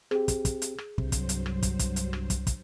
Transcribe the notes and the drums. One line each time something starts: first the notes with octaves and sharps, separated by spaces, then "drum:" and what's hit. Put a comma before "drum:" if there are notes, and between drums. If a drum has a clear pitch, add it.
C4 G4 G#4, drum: rim click
drum: kick, hi-hat
drum: kick, hi-hat
drum: hi-hat
drum: rim click
C2 G2 C3 F#3 C5, drum: kick
drum: kick, hi-hat
drum: hi-hat
drum: rim click
drum: kick, hi-hat
drum: kick, hi-hat
drum: hi-hat
drum: rim click
drum: kick, hi-hat
drum: kick, hi-hat